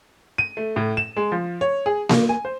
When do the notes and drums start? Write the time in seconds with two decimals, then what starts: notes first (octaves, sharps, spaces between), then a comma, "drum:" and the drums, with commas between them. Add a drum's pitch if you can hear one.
0.38 D#7
0.57 A3
0.76 A2
0.97 E7
1.17 G#3
1.32 F3
1.61 C#5
1.86 G#4
2.09 A#3, drum: snare A#3
2.29 G#5
2.45 C5